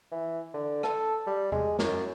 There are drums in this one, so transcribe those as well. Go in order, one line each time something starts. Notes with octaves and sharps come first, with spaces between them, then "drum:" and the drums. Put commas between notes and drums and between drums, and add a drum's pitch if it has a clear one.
E3
D3
A4, drum: rim click
G3
G#3, drum: tom E2
F#2, drum: snare